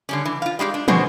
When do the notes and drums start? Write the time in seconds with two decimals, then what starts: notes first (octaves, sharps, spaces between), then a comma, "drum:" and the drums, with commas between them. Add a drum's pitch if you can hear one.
0.09 D3 G3 C#4
0.25 E3
0.42 F4 F5
0.59 G3 G#3 F4 G4
0.74 D4
0.88 B2 D3 G#3 B3 C#4 C5, drum: tom